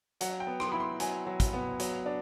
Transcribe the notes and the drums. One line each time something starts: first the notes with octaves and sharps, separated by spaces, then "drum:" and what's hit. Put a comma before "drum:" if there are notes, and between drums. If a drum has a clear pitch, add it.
F#3 F#5, drum: hi-hat
G5
B3
C6, drum: rim click
E4 B5
C6
F#3 G#5, drum: hi-hat
F#3
drum: kick, hi-hat
B3
F#3, drum: hi-hat
D4